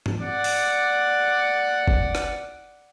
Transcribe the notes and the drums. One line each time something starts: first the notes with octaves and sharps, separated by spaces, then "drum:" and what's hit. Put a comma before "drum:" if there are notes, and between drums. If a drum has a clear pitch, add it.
drum: tom
D5 F#5
drum: open hi-hat
drum: kick
drum: rim click